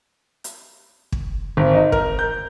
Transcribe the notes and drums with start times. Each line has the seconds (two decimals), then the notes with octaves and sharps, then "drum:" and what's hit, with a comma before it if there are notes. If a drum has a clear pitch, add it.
0.44 drum: hi-hat
1.12 drum: kick
1.57 G#1
1.74 D#4
1.92 A#4, drum: kick
2.19 G6